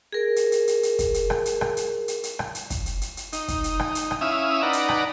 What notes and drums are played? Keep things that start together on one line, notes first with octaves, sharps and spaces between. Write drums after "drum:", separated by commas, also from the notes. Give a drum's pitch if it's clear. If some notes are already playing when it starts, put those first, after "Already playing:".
G#4 A#4
drum: hi-hat
drum: hi-hat
drum: hi-hat
drum: hi-hat
drum: kick, hi-hat
drum: hi-hat
drum: rim click
drum: hi-hat
drum: rim click
drum: hi-hat
drum: hi-hat
drum: hi-hat
drum: rim click
drum: hi-hat
drum: kick, hi-hat
drum: hi-hat
drum: hi-hat
drum: hi-hat
D#4, drum: hi-hat
drum: kick, hi-hat
drum: hi-hat
drum: rim click
drum: hi-hat
drum: rim click
C#4 E4 E5 F5 D#6
D#4 B4 D5 F#5 A#5
drum: hi-hat
drum: rim click